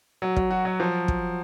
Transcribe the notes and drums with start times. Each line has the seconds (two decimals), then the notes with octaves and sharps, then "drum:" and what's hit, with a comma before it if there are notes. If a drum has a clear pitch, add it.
0.22 F#3
0.36 F#3, drum: kick
0.51 F#4
0.65 F#3
0.80 F3
1.08 drum: kick